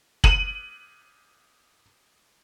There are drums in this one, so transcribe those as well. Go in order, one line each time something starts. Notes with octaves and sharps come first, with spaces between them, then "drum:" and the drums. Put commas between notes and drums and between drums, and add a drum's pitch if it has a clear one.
D#7 F#7, drum: kick